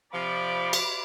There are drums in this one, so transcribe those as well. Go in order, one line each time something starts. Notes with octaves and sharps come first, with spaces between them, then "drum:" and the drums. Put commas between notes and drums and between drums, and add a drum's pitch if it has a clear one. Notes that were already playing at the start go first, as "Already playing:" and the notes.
C3 F3 D5 B5 D6
drum: cymbal